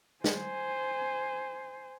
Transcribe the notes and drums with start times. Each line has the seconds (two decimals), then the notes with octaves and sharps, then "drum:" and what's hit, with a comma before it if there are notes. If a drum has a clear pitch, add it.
0.24 C5 G#5, drum: snare